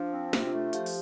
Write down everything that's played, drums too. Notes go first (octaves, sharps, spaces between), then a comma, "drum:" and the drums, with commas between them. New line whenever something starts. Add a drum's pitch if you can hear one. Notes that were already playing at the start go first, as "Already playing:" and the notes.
Already playing: F3 D4
C4
C3 F4, drum: snare
A3
F3 G4, drum: hi-hat
drum: open hi-hat